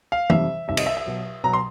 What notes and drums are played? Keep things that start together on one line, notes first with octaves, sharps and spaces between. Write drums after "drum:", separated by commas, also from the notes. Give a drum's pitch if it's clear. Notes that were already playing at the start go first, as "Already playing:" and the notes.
F5
F2 C3 D#3 G3 E5, drum: tom E3
F2 C3 D#3 G3 E5
D#5, drum: cymbal
E5
E5
B2 F#3
B2 F#3 A#5
C6